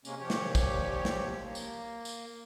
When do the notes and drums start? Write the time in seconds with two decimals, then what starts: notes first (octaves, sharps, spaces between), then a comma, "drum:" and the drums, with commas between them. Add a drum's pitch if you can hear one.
0.05 C3 G#3 A#3 C#4, drum: tambourine
0.20 D#2 A#2 F3 G4 C#5
0.30 drum: snare
0.55 drum: kick, tambourine
1.05 drum: snare
1.43 A#3
1.55 drum: tambourine
2.05 drum: tambourine